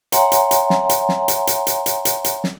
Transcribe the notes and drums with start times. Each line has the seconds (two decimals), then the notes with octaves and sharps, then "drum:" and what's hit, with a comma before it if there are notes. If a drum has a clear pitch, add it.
0.12 C#5 E5 F#5 G#5 A#5 C6, drum: hi-hat
0.32 drum: hi-hat
0.51 drum: hi-hat
0.70 drum: snare
0.89 drum: hi-hat
1.09 drum: snare
1.28 drum: hi-hat
1.47 drum: hi-hat
1.67 drum: hi-hat
1.86 drum: hi-hat
2.05 drum: hi-hat
2.24 drum: hi-hat
2.44 drum: snare